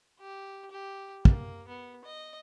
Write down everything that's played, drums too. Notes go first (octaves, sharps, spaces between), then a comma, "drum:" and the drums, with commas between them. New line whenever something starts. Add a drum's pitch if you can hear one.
G4
G4
A#3, drum: kick
B3
D#5